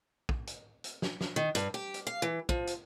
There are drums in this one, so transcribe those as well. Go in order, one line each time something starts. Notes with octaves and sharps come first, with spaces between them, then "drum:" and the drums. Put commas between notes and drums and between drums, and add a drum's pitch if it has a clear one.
drum: kick
drum: hi-hat
drum: hi-hat
drum: snare
drum: snare
D#3
G2, drum: hi-hat
G4
drum: hi-hat
F5
E3
F3, drum: kick
drum: hi-hat